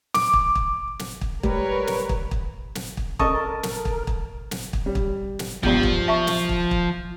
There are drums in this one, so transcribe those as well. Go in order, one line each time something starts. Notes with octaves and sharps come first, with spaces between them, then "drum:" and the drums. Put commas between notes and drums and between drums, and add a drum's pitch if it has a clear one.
D6, drum: snare
drum: kick
drum: kick
drum: snare
drum: kick
G3 A#4 B4 C#5, drum: kick
drum: snare
drum: kick
drum: kick
drum: snare
drum: kick
A4 A#4 D#5 A5 C#6 D#6, drum: kick
drum: snare
drum: kick
drum: kick
drum: snare
drum: kick
G3
drum: kick
drum: snare
E2 G2 F3 B3, drum: kick
drum: kick
E5 A5 C#6
drum: snare
drum: kick
drum: kick